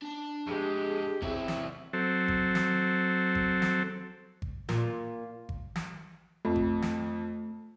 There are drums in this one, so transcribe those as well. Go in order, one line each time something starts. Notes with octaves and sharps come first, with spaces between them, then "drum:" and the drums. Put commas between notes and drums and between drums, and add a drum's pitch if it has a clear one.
D4 A5
F2 G#3 G4 G#4
E2 C3 C4 E4 C#5, drum: kick G#1
drum: snare
F#3 C4 A4
drum: kick G#1
drum: snare
drum: kick G#1
drum: snare
drum: kick G#1
A#2, drum: snare
drum: kick G#1
drum: snare
F2 A3
drum: kick G#1
drum: snare